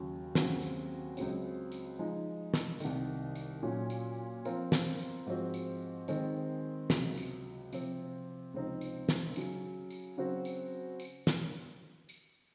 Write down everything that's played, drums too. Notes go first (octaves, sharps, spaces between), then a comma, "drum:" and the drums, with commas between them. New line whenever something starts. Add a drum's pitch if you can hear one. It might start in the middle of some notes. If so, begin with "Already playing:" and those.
Already playing: D#2 C#3 F#3
D#2 C#3 F#3 C4 F#4, drum: snare
drum: tambourine
C#2 C#3 F#3 C4, drum: tambourine
drum: tambourine
F3 G#3 D#4
drum: snare
C2 C3 D#3, drum: tambourine
drum: tambourine
A#2 F#3 C#4
drum: tambourine
F3 C4 F4 A#4, drum: tambourine
drum: snare
drum: tambourine
G#2 F3 C4 F#4
drum: tambourine
D#3 G#3 C4, drum: tambourine
C#2 C3 F#3, drum: snare
drum: tambourine
C3 F3 C4, drum: tambourine
C#2 C3 F3 C4 D#4
drum: tambourine
drum: snare
C#3 F#3 C#4, drum: tambourine
drum: tambourine
C#3 F#3 C4 F#4 C5
drum: tambourine
drum: tambourine
drum: snare
drum: tambourine